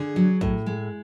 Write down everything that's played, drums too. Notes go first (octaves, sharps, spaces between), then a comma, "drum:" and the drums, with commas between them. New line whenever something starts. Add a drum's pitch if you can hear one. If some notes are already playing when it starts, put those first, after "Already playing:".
Already playing: D3 G#4
F#3
A2, drum: kick A#1
G#3